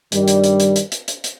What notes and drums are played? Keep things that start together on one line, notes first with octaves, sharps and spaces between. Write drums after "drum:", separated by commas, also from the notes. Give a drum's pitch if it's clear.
G2 D#3 G3, drum: hi-hat
drum: hi-hat
drum: hi-hat
drum: hi-hat
drum: hi-hat
drum: hi-hat
drum: hi-hat
drum: hi-hat